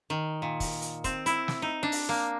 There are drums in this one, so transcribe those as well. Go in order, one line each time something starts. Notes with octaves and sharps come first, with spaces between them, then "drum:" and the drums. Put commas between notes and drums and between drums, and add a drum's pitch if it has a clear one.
D#3
A#2
drum: kick, open hi-hat
drum: hi-hat
C4, drum: kick, hi-hat
E4, drum: hi-hat
drum: snare
D#4
D4
drum: open hi-hat
A#3